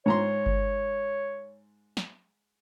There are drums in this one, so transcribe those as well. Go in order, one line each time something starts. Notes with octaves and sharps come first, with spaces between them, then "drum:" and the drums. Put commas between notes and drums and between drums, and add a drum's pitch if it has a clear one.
G#2 C#5 A#5 C6
drum: kick G1
drum: snare